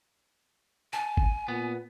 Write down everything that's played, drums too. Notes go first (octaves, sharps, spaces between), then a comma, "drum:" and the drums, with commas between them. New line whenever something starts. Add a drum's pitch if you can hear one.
G#5 A5
drum: kick G1
A#2 B3